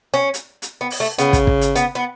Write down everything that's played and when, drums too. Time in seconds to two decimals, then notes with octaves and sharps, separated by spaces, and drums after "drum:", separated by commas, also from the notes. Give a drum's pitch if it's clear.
0.14 C#4
0.34 drum: hi-hat
0.62 drum: hi-hat
0.81 B3
0.90 drum: open hi-hat
1.00 A3
1.19 C#3 B3, drum: hi-hat
1.33 drum: kick, hi-hat
1.47 drum: kick
1.61 drum: hi-hat
1.76 B3, drum: hi-hat
1.95 B3